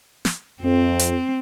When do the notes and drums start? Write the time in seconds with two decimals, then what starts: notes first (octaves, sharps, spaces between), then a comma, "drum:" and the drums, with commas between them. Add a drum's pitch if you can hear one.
0.25 drum: snare
0.62 F2 C4
0.99 drum: hi-hat